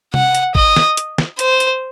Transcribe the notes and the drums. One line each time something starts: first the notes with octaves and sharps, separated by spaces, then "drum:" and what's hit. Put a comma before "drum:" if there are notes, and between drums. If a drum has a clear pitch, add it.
F#5, drum: tom C3
drum: hi-hat
D#5, drum: kick
drum: snare
drum: hi-hat
drum: snare
C5, drum: hi-hat
drum: hi-hat